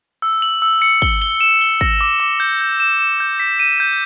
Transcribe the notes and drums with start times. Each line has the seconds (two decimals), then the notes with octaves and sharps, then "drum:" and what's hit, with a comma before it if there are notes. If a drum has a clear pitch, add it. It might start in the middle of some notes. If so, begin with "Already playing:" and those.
0.22 E6
0.42 F#7
0.62 E6
0.82 C#7
1.02 G7, drum: kick
1.22 G7
1.41 E7
1.61 G7
1.81 A#6, drum: kick
2.01 D6
2.20 D6
2.40 G6
2.61 G6
2.80 E7
3.00 E7
3.20 G6
3.40 B6
3.59 D#7
3.80 G6